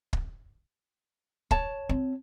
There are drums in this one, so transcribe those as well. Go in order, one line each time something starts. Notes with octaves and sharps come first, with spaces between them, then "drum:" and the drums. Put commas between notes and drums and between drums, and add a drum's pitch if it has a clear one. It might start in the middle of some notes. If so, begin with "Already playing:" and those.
drum: kick
C#5 A5, drum: kick
C4